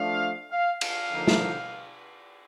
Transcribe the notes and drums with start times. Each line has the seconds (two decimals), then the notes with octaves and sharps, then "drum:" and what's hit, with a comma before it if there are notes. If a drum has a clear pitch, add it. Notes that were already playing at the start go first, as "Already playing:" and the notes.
Already playing: F3 A3 D4 F5
0.51 F5
0.81 F5, drum: cymbal
1.12 D3 F3 A#3 D#4
1.27 drum: snare